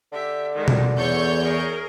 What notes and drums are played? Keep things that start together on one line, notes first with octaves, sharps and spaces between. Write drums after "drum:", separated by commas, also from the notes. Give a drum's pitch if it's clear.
D3 G4 E5
D#3 G#3
drum: tom B2
E2 A4 C#5 C#6 G6
G#4 A#4